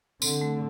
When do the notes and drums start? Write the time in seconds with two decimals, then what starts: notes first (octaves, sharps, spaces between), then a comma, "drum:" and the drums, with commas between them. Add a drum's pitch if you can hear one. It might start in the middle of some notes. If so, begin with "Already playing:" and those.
0.22 D3 C4, drum: tambourine
0.41 A3